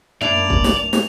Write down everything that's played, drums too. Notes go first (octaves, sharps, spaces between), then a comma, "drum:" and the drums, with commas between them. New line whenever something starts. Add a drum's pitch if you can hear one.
F#2 A3 A#3 D4 E4 D5 F7
drum: kick
drum: snare
drum: snare